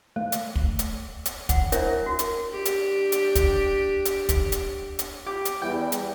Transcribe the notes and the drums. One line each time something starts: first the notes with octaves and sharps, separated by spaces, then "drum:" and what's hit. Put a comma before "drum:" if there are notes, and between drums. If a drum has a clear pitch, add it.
A3
drum: hi-hat
drum: kick
drum: hi-hat
drum: hi-hat
F#5, drum: kick, hi-hat
D4 E4 A#4 C5 C#5 E5, drum: hi-hat
F#4
drum: hi-hat
D4 G4
drum: hi-hat
drum: hi-hat
drum: kick, hi-hat
drum: hi-hat
drum: kick, hi-hat
drum: hi-hat
drum: hi-hat
G4 D6
drum: hi-hat
E2 E3 G3 G5
drum: hi-hat